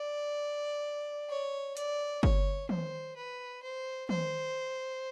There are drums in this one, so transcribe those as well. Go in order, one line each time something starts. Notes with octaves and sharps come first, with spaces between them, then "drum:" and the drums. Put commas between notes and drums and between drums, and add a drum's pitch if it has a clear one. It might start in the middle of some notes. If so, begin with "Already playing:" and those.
Already playing: D5
C#5
D5, drum: hi-hat
C#5, drum: kick G1
C5, drum: tom
B4
C5
C5, drum: tom